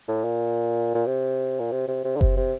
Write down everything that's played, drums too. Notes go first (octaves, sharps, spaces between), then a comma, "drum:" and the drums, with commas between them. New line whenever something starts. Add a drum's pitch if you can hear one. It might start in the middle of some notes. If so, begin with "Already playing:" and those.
A2
A#2
A#2
C3
A#2
C3
C3
C3
D3
C3, drum: kick F#1
C3